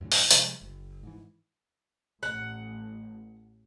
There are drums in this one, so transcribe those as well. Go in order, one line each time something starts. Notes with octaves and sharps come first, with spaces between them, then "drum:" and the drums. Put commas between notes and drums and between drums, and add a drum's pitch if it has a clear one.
F#2 A2 D3 E3
drum: open hi-hat
C3 F3 G3 G#3, drum: hi-hat
F#1
G#2 E3
A1 F#5